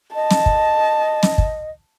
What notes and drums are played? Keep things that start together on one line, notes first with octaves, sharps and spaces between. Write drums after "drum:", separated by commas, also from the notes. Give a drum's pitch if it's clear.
D#5 A5
drum: snare
drum: kick
drum: snare
drum: kick